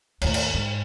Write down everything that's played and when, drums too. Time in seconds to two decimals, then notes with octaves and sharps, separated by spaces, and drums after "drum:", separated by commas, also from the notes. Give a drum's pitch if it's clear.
0.21 D#2 A2, drum: cymbal
0.34 drum: cymbal
0.54 G#2